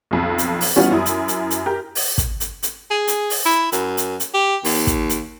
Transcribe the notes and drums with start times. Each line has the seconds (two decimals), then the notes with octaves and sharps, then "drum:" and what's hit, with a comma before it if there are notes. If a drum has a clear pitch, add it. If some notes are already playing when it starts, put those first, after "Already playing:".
0.11 B1 F2
0.38 drum: hi-hat
0.61 drum: open hi-hat
0.76 E3 G3 B3 C#4 F4
0.91 F#2 E4 D#6
1.06 drum: hi-hat
1.28 drum: hi-hat
1.50 drum: hi-hat
1.66 G4 A#4
1.95 drum: open hi-hat
2.18 drum: kick, hi-hat
2.40 drum: hi-hat
2.63 drum: hi-hat
2.91 G#4
3.08 drum: hi-hat
3.30 drum: open hi-hat
3.46 E4
3.72 F#2, drum: hi-hat
3.97 drum: hi-hat
4.20 drum: hi-hat
4.34 G4
4.65 D#2, drum: open hi-hat
4.87 drum: kick, hi-hat
5.09 drum: hi-hat